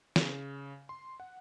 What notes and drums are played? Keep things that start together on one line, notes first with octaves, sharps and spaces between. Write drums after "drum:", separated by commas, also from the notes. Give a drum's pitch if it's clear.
C#3, drum: snare
C6
F#5